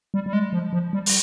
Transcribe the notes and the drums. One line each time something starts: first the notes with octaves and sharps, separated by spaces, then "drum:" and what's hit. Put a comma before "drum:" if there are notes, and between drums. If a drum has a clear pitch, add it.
G3
G3
G#3
F3
F3
G3
drum: open hi-hat